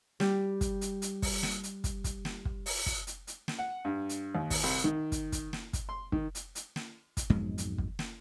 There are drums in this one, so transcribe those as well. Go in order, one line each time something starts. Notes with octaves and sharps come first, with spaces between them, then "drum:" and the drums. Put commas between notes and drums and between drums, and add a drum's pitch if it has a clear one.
G3 G4, drum: snare
drum: kick, hi-hat
drum: hi-hat
drum: hi-hat
drum: kick, open hi-hat
drum: snare
drum: hi-hat
drum: kick, hi-hat
drum: kick, hi-hat
drum: snare
drum: kick
drum: open hi-hat
drum: kick, hi-hat
drum: hi-hat
drum: hi-hat
drum: snare
F#5
G2
drum: hi-hat
D#2
drum: kick, open hi-hat
C2
D#3
drum: kick, hi-hat
drum: kick, hi-hat
drum: snare
drum: kick, hi-hat
C6
D#3, drum: kick
drum: hi-hat
drum: hi-hat
drum: snare
drum: kick, hi-hat
B1 F2 G#2 G#3
drum: hi-hat
drum: kick
drum: snare